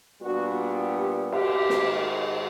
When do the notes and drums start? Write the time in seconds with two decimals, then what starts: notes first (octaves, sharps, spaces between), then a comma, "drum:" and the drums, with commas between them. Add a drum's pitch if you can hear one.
0.20 A#2 G3 B3 D4 F#4
0.95 G4
1.32 G4, drum: cymbal
1.70 G#2 D#3, drum: snare